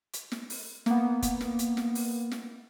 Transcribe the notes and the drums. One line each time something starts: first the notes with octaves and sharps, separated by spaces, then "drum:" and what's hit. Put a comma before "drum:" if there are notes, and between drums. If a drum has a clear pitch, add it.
drum: hi-hat
drum: snare
drum: open hi-hat
A#3 B3, drum: snare
drum: kick F1, hi-hat
drum: snare
drum: hi-hat
drum: snare
drum: open hi-hat
drum: snare